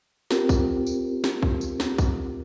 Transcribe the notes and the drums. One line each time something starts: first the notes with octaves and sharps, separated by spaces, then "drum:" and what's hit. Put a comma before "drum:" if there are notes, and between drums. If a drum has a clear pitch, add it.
C4 F4 G4 A#4, drum: snare
drum: kick, tambourine
drum: tambourine
drum: snare
drum: kick
drum: tambourine
drum: snare
drum: kick, tambourine